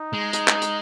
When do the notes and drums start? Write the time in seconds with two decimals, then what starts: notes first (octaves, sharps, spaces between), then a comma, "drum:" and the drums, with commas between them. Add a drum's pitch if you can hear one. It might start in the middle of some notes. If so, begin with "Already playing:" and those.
Already playing: D#4
0.13 G#3
0.33 D#4, drum: hi-hat
0.48 drum: clap
0.62 drum: hi-hat